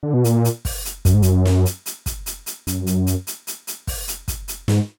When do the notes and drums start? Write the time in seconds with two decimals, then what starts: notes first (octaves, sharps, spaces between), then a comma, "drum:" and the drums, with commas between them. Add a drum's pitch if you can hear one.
0.03 D3
0.14 B2
0.24 A#2, drum: hi-hat
0.45 drum: hi-hat
0.65 drum: kick, open hi-hat
0.85 drum: hi-hat
1.05 F#2, drum: kick, hi-hat
1.14 G#2
1.22 F#2, drum: hi-hat
1.45 drum: snare
1.66 drum: hi-hat
1.86 drum: hi-hat
2.06 drum: kick, hi-hat
2.26 drum: hi-hat
2.46 drum: hi-hat
2.67 F#2, drum: hi-hat
2.87 drum: hi-hat
3.07 drum: hi-hat
3.27 drum: hi-hat
3.47 drum: hi-hat
3.67 drum: hi-hat
3.87 drum: kick, open hi-hat
4.08 drum: hi-hat
4.28 drum: kick, hi-hat
4.48 drum: hi-hat
4.68 G#2, drum: snare